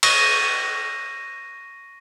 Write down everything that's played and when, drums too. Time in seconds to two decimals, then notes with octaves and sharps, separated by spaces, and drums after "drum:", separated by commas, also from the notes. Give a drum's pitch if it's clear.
0.03 C#6 A#6 D#7, drum: cymbal